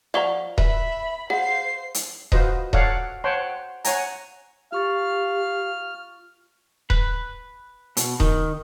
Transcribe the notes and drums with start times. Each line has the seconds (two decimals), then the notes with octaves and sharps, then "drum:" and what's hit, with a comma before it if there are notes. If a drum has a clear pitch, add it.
0.14 F3 D5 F#5 A#5 C#6
0.58 B4 E5 B5, drum: kick D#1
1.30 G#4 C5 F5 F#5 C7
1.94 drum: hi-hat
2.32 F4 F#4 B4 C5 D#5, drum: kick D#1
2.73 A4 C#5 D5 F5 F#5, drum: kick D#1
3.24 C5 C#5 F#5 G5 A5 C6
3.84 C#5 F#5 G#5 A#5, drum: hi-hat
4.72 F4 G4 F5 C#6 F6 A6
6.90 B4, drum: kick D#1
7.97 B2, drum: hi-hat
8.20 D#3, drum: kick D#1